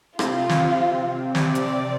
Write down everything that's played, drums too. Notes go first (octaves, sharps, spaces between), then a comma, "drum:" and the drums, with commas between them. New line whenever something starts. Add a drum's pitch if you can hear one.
C3 C4 F4, drum: rim click
drum: snare
C3 C4 D5, drum: snare
drum: hi-hat